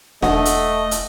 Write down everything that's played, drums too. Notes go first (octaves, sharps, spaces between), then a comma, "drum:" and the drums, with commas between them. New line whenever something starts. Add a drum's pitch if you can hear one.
E1 A3 D#5 F#5, drum: snare
drum: hi-hat
drum: hi-hat